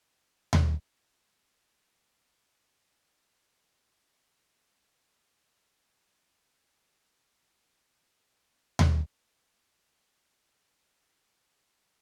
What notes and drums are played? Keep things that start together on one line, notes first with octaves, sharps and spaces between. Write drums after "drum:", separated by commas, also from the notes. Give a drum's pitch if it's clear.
G#3
drum: tom D#2
F#4
A#2
E4
E3
A4
F#4
A3
D#4
A#4
C4
G#4 C5 E5 F#5 G5 C#6
F4 F#4 B4 E5 F5
A#4 F5 G5 A5 F6
E4
D5 D#5
G2 D3 F#4 G4
drum: tom D#2
C2 A2 D5
G2 B2 E3 E4
A4 D5
D#4 F#4 E5